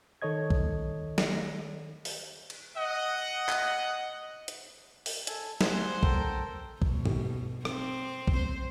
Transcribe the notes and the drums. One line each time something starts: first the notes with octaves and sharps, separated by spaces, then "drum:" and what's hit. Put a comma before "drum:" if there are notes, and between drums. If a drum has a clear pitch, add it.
D#3 A4 C#5 D#5 G#6
drum: kick B1
drum: snare
drum: open hi-hat
drum: cymbal
D#5 F#5
drum: clap
drum: hi-hat
drum: open hi-hat
A4 G#5, drum: hi-hat
C5 F#5 G#5, drum: snare
A4 A#4 G5, drum: kick B1
B2, drum: kick B1
drum: tom
C4, drum: rim click
drum: kick B1
C5